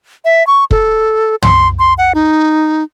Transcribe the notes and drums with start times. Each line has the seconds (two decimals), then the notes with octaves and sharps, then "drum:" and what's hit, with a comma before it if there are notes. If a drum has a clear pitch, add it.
0.25 E5
0.47 C#6
0.71 A4, drum: kick
1.42 C6, drum: tom
1.79 C6
1.98 F#5
2.15 D#4